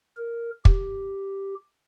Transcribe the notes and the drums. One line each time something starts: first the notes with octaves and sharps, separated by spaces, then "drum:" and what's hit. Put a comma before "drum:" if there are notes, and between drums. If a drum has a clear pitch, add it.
A#4
G4, drum: kick